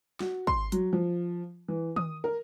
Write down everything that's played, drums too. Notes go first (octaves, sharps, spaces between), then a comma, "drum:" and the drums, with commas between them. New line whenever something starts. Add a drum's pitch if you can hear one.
F#4, drum: snare
C6, drum: kick
F#3, drum: hi-hat
F3
E3
D#6, drum: tom D#3
A#4